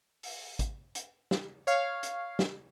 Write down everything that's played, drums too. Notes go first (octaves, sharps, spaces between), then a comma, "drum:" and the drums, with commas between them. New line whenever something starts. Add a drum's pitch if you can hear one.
drum: open hi-hat
drum: kick, hi-hat
drum: hi-hat
drum: snare
C#5 F5
drum: hi-hat
drum: snare